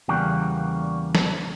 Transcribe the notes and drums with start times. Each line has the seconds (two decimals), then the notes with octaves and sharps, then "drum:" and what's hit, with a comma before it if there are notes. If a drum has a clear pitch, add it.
0.08 E2 C#3 G3 A#3 F#4 G5
1.15 drum: snare